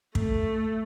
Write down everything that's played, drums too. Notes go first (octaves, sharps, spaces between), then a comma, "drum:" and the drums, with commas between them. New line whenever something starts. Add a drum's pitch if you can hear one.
A3, drum: kick